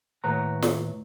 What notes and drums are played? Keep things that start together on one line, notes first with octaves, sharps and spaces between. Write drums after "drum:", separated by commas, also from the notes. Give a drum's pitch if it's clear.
D#2 A2 B4 C#5 F#5 A#5
drum: snare